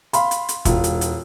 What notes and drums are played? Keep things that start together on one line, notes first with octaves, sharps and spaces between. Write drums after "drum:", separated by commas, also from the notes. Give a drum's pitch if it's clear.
F5 B5 C6, drum: hi-hat
drum: hi-hat
drum: hi-hat
E1 F4, drum: kick, hi-hat
drum: hi-hat
drum: hi-hat